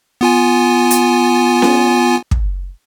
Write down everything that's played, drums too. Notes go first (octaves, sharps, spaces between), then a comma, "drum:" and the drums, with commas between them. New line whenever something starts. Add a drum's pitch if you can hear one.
B3 F4 G#5
drum: hi-hat
drum: snare C#4
drum: kick